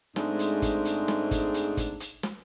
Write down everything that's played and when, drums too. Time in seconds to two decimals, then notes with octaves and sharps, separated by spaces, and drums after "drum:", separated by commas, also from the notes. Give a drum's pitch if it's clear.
0.16 G#2 G#3 A3 C4 D4 D#4, drum: snare
0.39 drum: hi-hat
0.62 drum: kick, hi-hat
0.85 drum: hi-hat
1.08 drum: snare
1.31 drum: kick, hi-hat
1.54 drum: hi-hat
1.77 drum: kick, hi-hat
2.00 drum: hi-hat
2.23 drum: snare